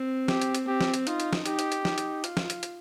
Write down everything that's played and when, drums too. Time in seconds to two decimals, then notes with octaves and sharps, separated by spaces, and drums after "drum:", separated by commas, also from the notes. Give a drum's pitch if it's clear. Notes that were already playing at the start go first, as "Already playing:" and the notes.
Already playing: C4
0.28 G4, drum: snare
0.42 drum: hi-hat
0.55 drum: hi-hat
0.67 C4 G4
0.81 drum: snare
0.94 drum: hi-hat
1.07 D#4 F4, drum: hi-hat
1.20 drum: hi-hat
1.33 drum: snare
1.46 D#4 G4, drum: hi-hat
1.59 drum: hi-hat
1.72 drum: hi-hat
1.85 D#4, drum: snare
1.98 drum: hi-hat
2.24 F4, drum: hi-hat
2.37 drum: snare
2.50 drum: hi-hat
2.63 drum: hi-hat